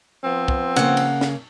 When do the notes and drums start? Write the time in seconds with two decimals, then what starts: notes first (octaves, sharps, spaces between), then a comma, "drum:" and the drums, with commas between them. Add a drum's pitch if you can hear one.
0.24 F3 B3 C4
0.48 drum: kick
0.76 C#3 A#3 F#5
0.97 drum: cymbal
1.21 drum: snare